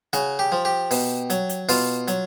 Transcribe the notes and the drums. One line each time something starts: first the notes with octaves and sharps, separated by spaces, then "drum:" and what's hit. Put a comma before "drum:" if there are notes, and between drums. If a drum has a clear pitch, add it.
C#3 F#4, drum: hi-hat
G4
F3
G4
B2, drum: open hi-hat
F#3, drum: hi-hat
drum: hi-hat
B2 F4, drum: open hi-hat
F#3, drum: hi-hat